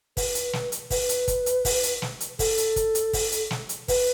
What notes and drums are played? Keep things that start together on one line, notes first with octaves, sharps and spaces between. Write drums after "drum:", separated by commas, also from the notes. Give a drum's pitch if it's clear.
B4, drum: kick, open hi-hat
drum: hi-hat
drum: snare
drum: hi-hat
B4, drum: kick, open hi-hat
drum: hi-hat
drum: kick, hi-hat
drum: hi-hat
drum: kick, open hi-hat
drum: hi-hat
drum: snare
drum: hi-hat
A4, drum: kick, open hi-hat
drum: hi-hat
drum: kick, hi-hat
drum: hi-hat
drum: kick, open hi-hat
drum: hi-hat
drum: snare
drum: hi-hat
B4, drum: kick, open hi-hat